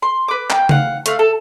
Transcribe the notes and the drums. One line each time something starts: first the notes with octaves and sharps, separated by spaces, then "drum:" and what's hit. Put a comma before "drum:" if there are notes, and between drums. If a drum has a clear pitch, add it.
C6
B4 D6
G5, drum: clap
F5 F#5, drum: tom C#3
A3 F5, drum: hi-hat
A4